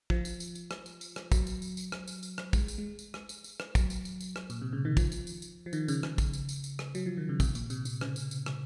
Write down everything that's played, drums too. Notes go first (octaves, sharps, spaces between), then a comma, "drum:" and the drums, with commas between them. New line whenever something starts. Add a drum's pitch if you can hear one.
F3, drum: kick
drum: tambourine
drum: tambourine
drum: tambourine
drum: rim click
drum: tambourine
drum: tambourine
drum: rim click
F#3, drum: kick, tambourine
drum: tambourine
drum: tambourine
drum: tambourine
drum: rim click
drum: tambourine
drum: tambourine
drum: rim click
G#3, drum: kick, tambourine
drum: tambourine
G#3
drum: tambourine
drum: rim click
drum: tambourine
drum: tambourine
drum: rim click
F#3, drum: kick, tambourine
drum: tambourine
drum: tambourine
drum: tambourine
drum: rim click
A#2, drum: tambourine
C3
C#3
D#3
F3, drum: kick, tambourine
drum: tambourine
drum: tambourine
drum: tambourine
F3
D#3, drum: tambourine
C#3, drum: tambourine
C#3, drum: rim click
drum: kick, tambourine
drum: tambourine
drum: tambourine
drum: tambourine
drum: rim click
F#3, drum: tambourine
F3
D#3
C#3
C3, drum: kick, tambourine
A#2, drum: tambourine
C3, drum: tambourine
C3, drum: tambourine
C#3, drum: rim click
drum: tambourine
drum: tambourine
drum: rim click